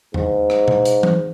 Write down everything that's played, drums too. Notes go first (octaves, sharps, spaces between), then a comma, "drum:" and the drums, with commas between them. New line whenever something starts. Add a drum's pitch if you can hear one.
G#2, drum: tom E2
drum: rim click
drum: tom B2
drum: hi-hat
drum: tom E3